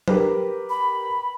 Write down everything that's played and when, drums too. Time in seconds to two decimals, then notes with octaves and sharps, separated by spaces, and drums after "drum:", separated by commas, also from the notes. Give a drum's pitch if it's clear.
0.08 G4 A#4 B4, drum: tom F#3
0.69 B5